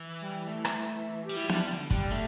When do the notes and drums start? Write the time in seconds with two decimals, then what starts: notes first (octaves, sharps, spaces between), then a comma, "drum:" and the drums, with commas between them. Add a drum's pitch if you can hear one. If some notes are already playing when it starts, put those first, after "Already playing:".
Already playing: E3
0.21 G3
0.47 A3
0.65 drum: rim click
1.25 G3 G4
1.37 E4
1.49 G3 D4, drum: snare B3
1.71 D3
1.90 D3 G3, drum: kick
2.11 D3 A3